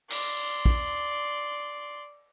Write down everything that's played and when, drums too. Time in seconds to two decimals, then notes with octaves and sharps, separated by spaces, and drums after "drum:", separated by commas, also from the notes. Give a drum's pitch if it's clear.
0.10 D5 C6, drum: cymbal
0.66 drum: kick